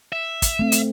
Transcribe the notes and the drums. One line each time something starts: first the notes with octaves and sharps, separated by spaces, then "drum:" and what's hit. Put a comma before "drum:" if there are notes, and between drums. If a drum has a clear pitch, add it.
E5
drum: kick, hi-hat
A3 C4
drum: hi-hat